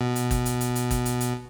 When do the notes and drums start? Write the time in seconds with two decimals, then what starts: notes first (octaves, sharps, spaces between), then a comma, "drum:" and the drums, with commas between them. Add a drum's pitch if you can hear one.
0.01 B2
0.16 drum: hi-hat
0.31 drum: kick, hi-hat
0.46 drum: hi-hat
0.61 drum: hi-hat
0.76 drum: hi-hat
0.91 drum: kick, hi-hat
1.06 drum: hi-hat
1.20 drum: hi-hat